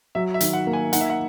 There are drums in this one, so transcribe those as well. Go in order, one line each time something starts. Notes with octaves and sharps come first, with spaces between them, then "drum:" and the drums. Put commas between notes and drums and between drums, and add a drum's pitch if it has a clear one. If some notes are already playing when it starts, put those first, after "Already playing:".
F#3 E5
E5
D#3, drum: hi-hat
F#5
A#3
G#5
D#4 F#5, drum: hi-hat
E5
F#5